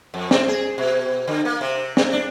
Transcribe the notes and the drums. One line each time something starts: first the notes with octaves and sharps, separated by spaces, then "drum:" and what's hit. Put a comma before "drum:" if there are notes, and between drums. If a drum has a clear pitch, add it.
F2
C4, drum: snare
G#4
B2
D3
A#3
C3
drum: snare
D4